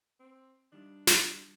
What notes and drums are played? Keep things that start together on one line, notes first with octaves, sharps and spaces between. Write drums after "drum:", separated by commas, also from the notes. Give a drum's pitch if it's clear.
C4
D#3 G3 D4
drum: snare